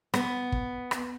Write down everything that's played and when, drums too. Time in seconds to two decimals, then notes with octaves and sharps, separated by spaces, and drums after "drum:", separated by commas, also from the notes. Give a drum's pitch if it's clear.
0.14 B3, drum: rim click
0.52 drum: kick
0.91 drum: rim click